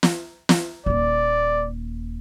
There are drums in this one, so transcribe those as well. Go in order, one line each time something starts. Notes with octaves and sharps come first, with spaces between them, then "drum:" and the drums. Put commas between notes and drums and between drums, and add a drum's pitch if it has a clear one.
drum: snare
drum: snare
D#1 A#3 D5